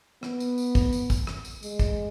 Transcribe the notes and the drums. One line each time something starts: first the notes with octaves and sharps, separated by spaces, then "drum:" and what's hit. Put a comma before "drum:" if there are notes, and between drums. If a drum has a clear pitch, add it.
B3, drum: rim click
drum: tambourine
drum: tambourine
drum: kick, tambourine
drum: tambourine
drum: kick, tambourine
drum: rim click
drum: tambourine
G#3, drum: tambourine
drum: kick, tambourine